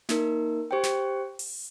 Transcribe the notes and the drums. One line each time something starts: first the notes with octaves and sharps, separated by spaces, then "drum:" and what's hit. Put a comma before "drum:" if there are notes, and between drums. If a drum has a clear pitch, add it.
A#3 D#4 A#4, drum: snare
G4 C5 G5
drum: snare
drum: open hi-hat